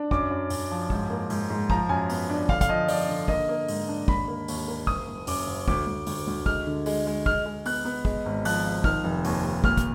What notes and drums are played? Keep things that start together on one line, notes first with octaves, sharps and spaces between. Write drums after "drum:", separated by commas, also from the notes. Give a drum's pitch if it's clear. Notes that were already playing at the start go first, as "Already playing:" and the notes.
Already playing: D4
F#2 D6, drum: kick
F#2
F#2, drum: open hi-hat
F3
G#2, drum: kick
A#3
G#2, drum: open hi-hat
G#2
F3 A#5, drum: kick
F#2 G#5
B3, drum: open hi-hat
D4
D3 F5, drum: kick
F5, drum: kick, hi-hat
F3 D#5
F3 D5, drum: open hi-hat
D3
A#3 D#5, drum: kick
A#3
G#2, drum: open hi-hat
D4
D#2 B5, drum: kick
A#3
D#2, drum: open hi-hat
A#3
F#1 D#6, drum: kick
F#1
F#2 D6, drum: open hi-hat
F#1
D2 D6, drum: kick
D2
D2, drum: open hi-hat
D2
G#3 F6, drum: kick
D3
G#3, drum: open hi-hat
G#3
G#3 F6, drum: kick
G#3
B3 F#6, drum: open hi-hat
B3
G#3, drum: kick
G#1
F3 F#6, drum: open hi-hat
F3
D#3 F6, drum: kick
F1
D#2, drum: open hi-hat
D#2
A#2 F6, drum: kick
drum: kick, hi-hat